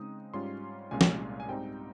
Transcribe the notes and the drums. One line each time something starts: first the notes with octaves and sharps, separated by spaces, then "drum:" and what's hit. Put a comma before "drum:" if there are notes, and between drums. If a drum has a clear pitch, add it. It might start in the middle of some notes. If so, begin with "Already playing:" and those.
Already playing: C#3 G#3 C4 D#4 D#6
G#2 G3 C#4 F4 C6
C2 A#2 G#3 C#4 F4 G#5
drum: snare
G#5
G#2 G3 C4 D#4 G5